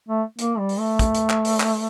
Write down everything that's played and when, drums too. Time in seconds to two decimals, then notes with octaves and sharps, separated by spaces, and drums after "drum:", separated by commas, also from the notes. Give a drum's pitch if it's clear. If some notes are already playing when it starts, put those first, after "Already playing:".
0.09 A3
0.39 A#3, drum: hi-hat
0.59 G3
0.69 drum: open hi-hat
0.79 A3
0.99 drum: kick, hi-hat
1.15 drum: hi-hat
1.30 drum: clap
1.45 drum: open hi-hat
1.60 drum: clap